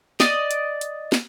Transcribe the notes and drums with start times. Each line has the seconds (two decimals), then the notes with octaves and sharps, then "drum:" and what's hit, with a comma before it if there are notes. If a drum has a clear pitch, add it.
0.20 D5 D#5, drum: snare
0.51 drum: hi-hat
0.81 drum: hi-hat
1.12 drum: snare